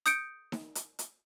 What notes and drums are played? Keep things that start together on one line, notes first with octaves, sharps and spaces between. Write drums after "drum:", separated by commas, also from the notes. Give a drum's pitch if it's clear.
D#6 G6 C#7 D7, drum: hi-hat
drum: snare D#4
drum: hi-hat
drum: hi-hat